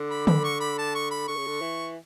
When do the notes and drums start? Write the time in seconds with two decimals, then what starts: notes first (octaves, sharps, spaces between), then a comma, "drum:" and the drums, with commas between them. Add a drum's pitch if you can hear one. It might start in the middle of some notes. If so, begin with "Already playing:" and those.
Already playing: D3
0.10 B5
0.27 B5, drum: tom D3
0.44 C#6
0.60 B5
0.78 A5
0.95 C#6
1.11 B5
1.28 D3 C#6
1.37 C#3
1.47 D3
1.62 E3